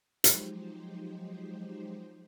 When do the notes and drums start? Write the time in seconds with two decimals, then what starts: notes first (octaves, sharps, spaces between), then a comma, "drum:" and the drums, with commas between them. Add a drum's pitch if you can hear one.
0.24 F3 F#3 G#3 D#4 G4 C5, drum: hi-hat